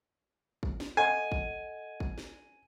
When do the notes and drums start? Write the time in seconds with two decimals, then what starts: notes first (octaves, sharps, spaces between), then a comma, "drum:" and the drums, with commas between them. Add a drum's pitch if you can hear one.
0.63 drum: kick
0.80 drum: snare
0.97 A4 D#5 F#5 G#5
1.32 drum: kick
2.00 drum: kick
2.18 drum: snare